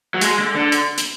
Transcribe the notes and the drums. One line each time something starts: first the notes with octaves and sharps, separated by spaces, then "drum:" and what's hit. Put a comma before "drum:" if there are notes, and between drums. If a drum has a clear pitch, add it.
F#3
G#3, drum: hi-hat
D3
D3
drum: hi-hat
drum: hi-hat